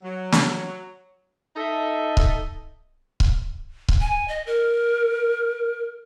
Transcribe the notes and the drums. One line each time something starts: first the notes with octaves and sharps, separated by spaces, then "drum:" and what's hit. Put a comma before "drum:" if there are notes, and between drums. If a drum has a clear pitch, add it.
F#3
drum: snare
D#4 A4 D#5 E5
drum: kick C#1
drum: kick C#1
drum: kick C#1
G#5
D#5
A#4